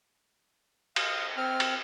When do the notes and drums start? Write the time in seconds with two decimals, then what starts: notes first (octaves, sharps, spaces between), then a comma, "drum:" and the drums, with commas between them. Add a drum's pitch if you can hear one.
0.96 F5 D#6, drum: cymbal
1.37 C4 F6
1.60 drum: cymbal